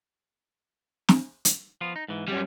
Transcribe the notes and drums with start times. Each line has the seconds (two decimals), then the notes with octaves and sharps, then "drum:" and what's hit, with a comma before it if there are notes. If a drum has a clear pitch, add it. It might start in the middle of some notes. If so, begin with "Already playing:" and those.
1.09 drum: snare
1.45 drum: hi-hat
1.81 F3 B3 F4
1.96 D#4
2.08 G#2 E3
2.28 F#2 G3 C#4